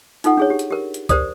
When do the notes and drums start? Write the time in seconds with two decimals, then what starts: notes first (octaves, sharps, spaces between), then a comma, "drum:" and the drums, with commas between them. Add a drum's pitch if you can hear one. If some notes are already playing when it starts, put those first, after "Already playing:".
0.24 D#4 F4 A4 F#5, drum: hi-hat
0.37 D4 G#4 C#5
0.50 G4
0.59 drum: hi-hat
0.70 G4 A#4
0.94 drum: hi-hat
1.09 G4 A#4 C5 D5 D#6, drum: kick, hi-hat